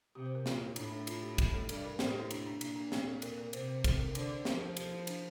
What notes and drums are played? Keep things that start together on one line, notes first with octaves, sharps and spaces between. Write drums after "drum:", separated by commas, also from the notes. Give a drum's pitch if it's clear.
C3 G4
C5
A#4
A#2 F4, drum: snare
E4
A2 D4, drum: cymbal
D4
F4, drum: cymbal
G4
A4, drum: kick, cymbal
A4
G2 A4, drum: cymbal
A#4
A2 C5, drum: snare
A4
G4
E4
D4, drum: cymbal
D4
A#2 D4, drum: cymbal
D4
C4, drum: snare
A4
A#4, drum: cymbal
A#4
C3 C5, drum: cymbal
C5
A4, drum: kick, cymbal
A#4
D3 C5, drum: cymbal
C5
F3 A#4, drum: snare
A4
A4
G4, drum: cymbal
E4
D4, drum: cymbal